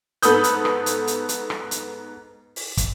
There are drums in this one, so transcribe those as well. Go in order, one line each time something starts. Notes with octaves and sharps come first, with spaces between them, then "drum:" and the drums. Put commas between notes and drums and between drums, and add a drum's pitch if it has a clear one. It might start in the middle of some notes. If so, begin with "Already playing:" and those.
G#2 B3 A4 B5 D#6 G6, drum: hi-hat
drum: hi-hat
drum: rim click
drum: hi-hat
drum: hi-hat
drum: hi-hat
drum: rim click
drum: hi-hat
drum: open hi-hat
drum: kick, hi-hat